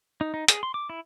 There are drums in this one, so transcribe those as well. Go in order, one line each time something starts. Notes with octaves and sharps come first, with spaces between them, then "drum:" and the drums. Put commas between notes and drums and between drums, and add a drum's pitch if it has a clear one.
D#4
D#4
G#4, drum: hi-hat
C6
D6
E4